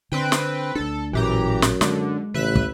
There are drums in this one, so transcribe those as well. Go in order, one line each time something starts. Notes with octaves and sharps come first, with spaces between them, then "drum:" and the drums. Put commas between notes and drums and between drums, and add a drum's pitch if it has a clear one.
D3 C4 B4 G5
drum: snare
D2 D4 A4
A1 F#2 A#2 E3 G4 A#5
drum: snare
D3 G#3, drum: snare
A1 C#3 E3 B4 E5 F#6
drum: kick